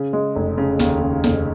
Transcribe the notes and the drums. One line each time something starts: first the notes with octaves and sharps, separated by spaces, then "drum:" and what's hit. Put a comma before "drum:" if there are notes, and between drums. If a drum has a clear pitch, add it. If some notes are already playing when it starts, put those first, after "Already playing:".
Already playing: C#3
G#3
F1
C#3
D#2, drum: snare
C#3
F1, drum: snare